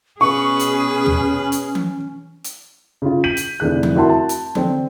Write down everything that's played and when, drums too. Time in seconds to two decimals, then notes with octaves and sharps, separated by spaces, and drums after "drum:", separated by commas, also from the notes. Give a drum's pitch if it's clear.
0.21 B2 C#4 G#4 B4 C#6
0.60 drum: hi-hat
1.06 drum: tom
1.52 drum: hi-hat
1.75 drum: tom E3
2.44 drum: hi-hat
3.02 C#3 F4
3.24 G6 B6 D#7 F#7
3.37 drum: hi-hat
3.60 F1 D3 E3 G#4 F#6
3.83 drum: tom E3
3.95 E4 F#4 A#4 F#5 A5 C6
4.09 A5
4.29 drum: hi-hat
4.55 D3 C4, drum: tom E3